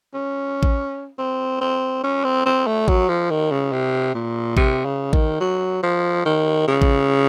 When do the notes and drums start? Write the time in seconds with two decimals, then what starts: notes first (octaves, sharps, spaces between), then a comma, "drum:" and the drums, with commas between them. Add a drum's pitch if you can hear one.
0.14 C#4
0.63 drum: kick A1
1.18 C4
1.61 C4
2.03 C#4
2.24 C4
2.46 C4
2.67 A3
2.88 F#3, drum: kick A1
3.09 F3
3.30 D#3
3.51 C#3
3.72 C3
4.14 A#2
4.57 C3, drum: kick A1
4.85 C#3
5.13 D#3, drum: kick A1
5.41 F#3
5.83 F3
6.26 D#3
6.68 C#3
6.82 drum: kick A1